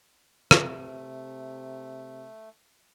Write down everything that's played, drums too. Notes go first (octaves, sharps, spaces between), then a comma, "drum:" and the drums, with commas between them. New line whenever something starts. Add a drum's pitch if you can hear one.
C3 A3, drum: rim click